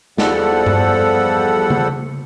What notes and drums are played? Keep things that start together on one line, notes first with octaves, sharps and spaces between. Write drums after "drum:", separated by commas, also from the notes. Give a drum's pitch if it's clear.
E2 F3 G3 A4 F#5, drum: snare
drum: tom G2
drum: tom C#3